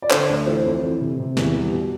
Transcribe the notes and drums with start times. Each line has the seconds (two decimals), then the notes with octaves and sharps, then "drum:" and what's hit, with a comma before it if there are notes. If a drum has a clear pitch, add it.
0.02 D5
0.11 D3 A4 C5, drum: clap
0.30 D2
0.47 E3 A4 C5
0.65 F2
0.82 E3
1.01 C3
1.19 C3
1.37 E2, drum: snare
1.54 G3
1.73 B2